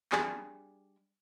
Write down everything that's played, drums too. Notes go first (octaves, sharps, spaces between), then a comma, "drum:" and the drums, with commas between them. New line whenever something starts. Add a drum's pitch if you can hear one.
G3 D4 G#4, drum: clap